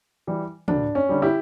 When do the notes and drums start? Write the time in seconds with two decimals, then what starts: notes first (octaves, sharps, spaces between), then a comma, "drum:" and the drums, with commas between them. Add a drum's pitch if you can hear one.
0.27 E3 G3
0.68 D2 D4, drum: tom
0.95 C#4
1.09 D3 G3
1.22 E4 G4